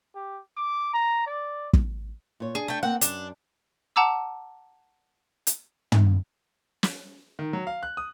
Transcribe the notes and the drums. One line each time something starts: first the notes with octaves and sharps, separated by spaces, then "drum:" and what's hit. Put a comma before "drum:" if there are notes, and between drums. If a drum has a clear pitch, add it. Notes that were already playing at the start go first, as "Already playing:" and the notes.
G4
D6
A#5
D5
drum: kick
A#2 C#5
D4 G#4
A3 G5
A#3 C4 F#5 G5
F#2 D4, drum: hi-hat
F#5 A5 A#5 D6 E6
drum: hi-hat
drum: tom
drum: snare
D#3
F#3
F5
F#6
D#6